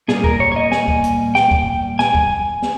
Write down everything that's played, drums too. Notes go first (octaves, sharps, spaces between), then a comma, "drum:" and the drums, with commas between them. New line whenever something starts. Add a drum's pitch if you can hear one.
A#2 G3 A#3 G#4, drum: snare
A#4, drum: kick
C#5
C#5
D#5
G#5, drum: snare
drum: kick
drum: hi-hat
G5, drum: snare
drum: kick
G#5, drum: snare
drum: kick
drum: snare